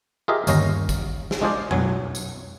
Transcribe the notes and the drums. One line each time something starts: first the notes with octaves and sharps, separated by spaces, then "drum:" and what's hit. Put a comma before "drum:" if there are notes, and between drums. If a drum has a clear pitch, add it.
F4 G4 G#4 A#4 D#5 E5
G1 D#2 C#4 D#4 F5 A#5, drum: tambourine
drum: kick A1, tambourine
drum: snare
G#3 D4 F4 G#4 C5 D5
B1 F#3 G#5, drum: tom
drum: tambourine